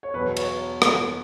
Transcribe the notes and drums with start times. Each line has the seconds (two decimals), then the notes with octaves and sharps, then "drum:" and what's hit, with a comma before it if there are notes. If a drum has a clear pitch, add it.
0.03 C#5
0.13 E2 B2 F#3 B4
0.37 C#5, drum: cymbal
0.82 drum: rim click